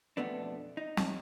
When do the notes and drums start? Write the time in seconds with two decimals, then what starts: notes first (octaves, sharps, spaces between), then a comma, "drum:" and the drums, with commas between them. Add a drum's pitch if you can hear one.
0.17 F2 B2 A3 B3 D4
0.77 D#4
0.97 drum: snare